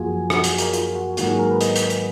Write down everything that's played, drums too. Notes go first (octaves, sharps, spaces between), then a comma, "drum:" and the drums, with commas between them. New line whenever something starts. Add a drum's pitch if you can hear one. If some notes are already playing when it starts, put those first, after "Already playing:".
Already playing: F#2 F3 A#3 F4 F#4 G#4 G#5
F#4, drum: rim click
G#4, drum: hi-hat
A#4, drum: hi-hat
F4, drum: hi-hat
F#4
G#2 D#3 F#3 A#3 F#4, drum: hi-hat
G#4
A#4
B4
D#5, drum: hi-hat
drum: hi-hat
drum: hi-hat